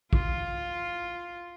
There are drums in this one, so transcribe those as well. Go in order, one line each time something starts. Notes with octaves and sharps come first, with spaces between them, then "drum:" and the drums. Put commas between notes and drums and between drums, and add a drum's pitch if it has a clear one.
F4, drum: kick